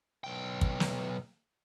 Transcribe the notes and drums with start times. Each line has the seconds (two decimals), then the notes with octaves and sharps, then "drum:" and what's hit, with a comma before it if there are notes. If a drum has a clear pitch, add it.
0.24 B1 G5
0.61 drum: kick
0.80 drum: snare